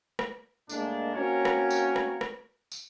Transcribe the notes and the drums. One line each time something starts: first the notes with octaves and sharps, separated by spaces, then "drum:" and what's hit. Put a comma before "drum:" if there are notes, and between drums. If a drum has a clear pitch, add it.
drum: rim click
A2 G#3 A#3 D4, drum: tambourine
A#3 C4 C#4 F#4 A#4 C#5
drum: rim click
drum: tambourine
drum: rim click
drum: rim click
drum: tambourine